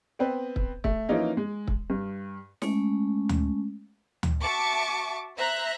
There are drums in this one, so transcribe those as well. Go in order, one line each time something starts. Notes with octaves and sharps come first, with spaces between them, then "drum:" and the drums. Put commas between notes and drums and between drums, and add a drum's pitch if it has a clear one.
B3 C4 B4
drum: kick
A3, drum: kick
E3 F3 A#3 C#4 D#4 F4
G#3
drum: kick
G2
G#3 A3 C#4, drum: snare
drum: tom D2
drum: tom D2
F#4 E5 A5 C#6 D6
C5 E5 A#5 F#6